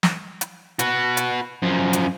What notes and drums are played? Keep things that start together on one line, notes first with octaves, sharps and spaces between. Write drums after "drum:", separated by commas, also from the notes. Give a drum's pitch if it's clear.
drum: snare
drum: hi-hat
F#4 B4, drum: hi-hat
drum: hi-hat
F#2 F3
drum: hi-hat